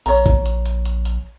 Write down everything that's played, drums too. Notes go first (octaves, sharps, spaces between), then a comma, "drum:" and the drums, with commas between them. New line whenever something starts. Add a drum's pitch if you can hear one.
A#1 C#5 A#5, drum: open hi-hat
drum: kick G#1, hi-hat
drum: hi-hat
drum: hi-hat
drum: hi-hat
drum: hi-hat